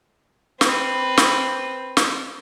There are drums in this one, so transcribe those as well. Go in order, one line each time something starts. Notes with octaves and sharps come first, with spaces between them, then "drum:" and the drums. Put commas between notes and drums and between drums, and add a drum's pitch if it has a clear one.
C4 B4, drum: snare
drum: snare
drum: snare